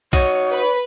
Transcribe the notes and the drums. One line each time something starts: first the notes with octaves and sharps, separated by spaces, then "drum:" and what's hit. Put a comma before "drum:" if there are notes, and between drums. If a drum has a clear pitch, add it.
D#4 F#4 C#5, drum: kick A#1
B4